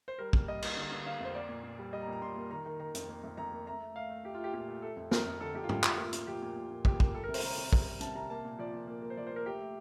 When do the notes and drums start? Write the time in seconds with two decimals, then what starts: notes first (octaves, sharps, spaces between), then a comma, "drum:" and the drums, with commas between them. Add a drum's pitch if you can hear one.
0.08 C5
0.19 G3 A#4
0.33 A#3, drum: kick
0.48 G3 D#5
0.62 A#3, drum: cymbal
0.77 D3
0.91 D3
1.06 D3 F5
1.21 F2 C5
1.35 A#3 D5
1.49 A#2
1.64 A#2
1.79 G3
1.93 G3 D#5
2.02 A#5
2.07 A#2
2.12 A#5
2.22 A#2 C6
2.36 A#3
2.51 D#3 A#5
2.66 D#3
2.80 D#3 A#5
2.95 F2, drum: hi-hat
3.09 A#3
3.24 F2
3.37 F2 A#5
3.52 A#3
3.67 A3 A#5
3.81 A3
3.96 A3 F5
4.10 A3
4.24 A3 G4
4.34 F4
4.39 A3 G4
4.54 A#2 G4
4.68 A3
4.82 A3 A4
4.97 F2
5.11 F2 A#4, drum: snare
5.26 F2
5.40 D3 A4
5.55 F2 G4
5.64 F4
5.69 F2 G4, drum: tom G#2
5.83 A3 F4, drum: clap
5.98 A#3 F4
6.13 A#2, drum: hi-hat
6.27 F3 G4
6.42 A#2
6.56 A#2
6.71 A#2
6.85 A#2 G4, drum: kick
7.00 A#3, drum: kick
7.14 G3 A4
7.24 A#4
7.29 C3
7.34 C5, drum: open hi-hat
7.43 C3 A#5
7.58 C3
7.73 G3, drum: kick
7.87 G3
8.01 C3 A5, drum: hi-hat
8.15 C3 A#5
8.30 A#3 A5
8.45 A#2
8.59 F3 D5
8.74 A#2
8.87 A#3
9.02 A#3
9.10 C5
9.17 F3 D5
9.27 C5
9.31 A#3
9.36 A#4
9.46 A3 G4
9.60 A3